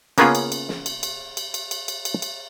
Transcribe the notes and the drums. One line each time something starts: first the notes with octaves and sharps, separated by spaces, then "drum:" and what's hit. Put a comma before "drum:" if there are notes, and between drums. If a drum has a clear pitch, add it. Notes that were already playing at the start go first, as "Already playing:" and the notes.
C#3 A#3 B3 C#4 F4 G#4, drum: cymbal
drum: cymbal
drum: cymbal
drum: snare
drum: cymbal
drum: cymbal
drum: cymbal
drum: cymbal
drum: cymbal
drum: cymbal
drum: cymbal
drum: cymbal